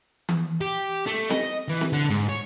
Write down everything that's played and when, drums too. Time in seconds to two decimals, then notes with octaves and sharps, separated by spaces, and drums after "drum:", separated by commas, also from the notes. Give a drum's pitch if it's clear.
0.29 drum: tom E3
0.61 G4
1.07 A3
1.30 D#5, drum: snare
1.69 E3
1.81 drum: snare
1.92 D3
2.10 G#2
2.29 C#5